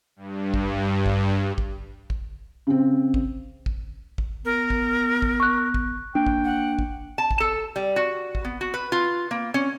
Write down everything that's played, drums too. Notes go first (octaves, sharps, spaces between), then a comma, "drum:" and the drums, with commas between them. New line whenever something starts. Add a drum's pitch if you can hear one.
G2
drum: kick
drum: kick
drum: kick
drum: kick
C#3 C4
drum: kick
drum: kick
drum: kick
B3 A#4
drum: kick
drum: kick
C#6 F#6
drum: kick
A#3 D4 G5
drum: kick
F#5
drum: kick
A5
drum: kick
A4
G3
F#4
drum: kick
B3
F#4
B4
F4
A#3
C#4